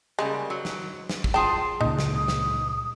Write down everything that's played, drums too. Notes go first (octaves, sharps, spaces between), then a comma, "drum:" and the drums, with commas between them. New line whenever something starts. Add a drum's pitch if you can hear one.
C#3 G3 G#3 A#3
F#3
drum: snare
drum: snare
drum: kick
F4 G#4 G5 A5
C#2 A#2 D#4
drum: snare
D#6
drum: snare